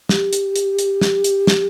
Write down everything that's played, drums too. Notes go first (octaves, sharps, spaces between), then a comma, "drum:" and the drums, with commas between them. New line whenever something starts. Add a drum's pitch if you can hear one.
G4, drum: snare
drum: hi-hat
drum: hi-hat
drum: hi-hat
drum: snare
drum: hi-hat
drum: snare